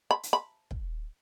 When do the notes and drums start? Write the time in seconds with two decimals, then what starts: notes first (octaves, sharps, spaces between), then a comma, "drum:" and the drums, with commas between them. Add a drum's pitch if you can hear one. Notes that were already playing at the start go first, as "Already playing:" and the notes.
0.11 B5
0.23 drum: hi-hat
0.33 B5
0.71 drum: kick